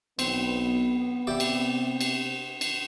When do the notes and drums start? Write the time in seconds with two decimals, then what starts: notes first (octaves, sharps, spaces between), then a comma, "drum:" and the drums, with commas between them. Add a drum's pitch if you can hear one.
0.19 B1 B3 C4, drum: cymbal
1.27 C3 G4 D5 E5
1.40 drum: cymbal
2.01 drum: cymbal
2.61 drum: cymbal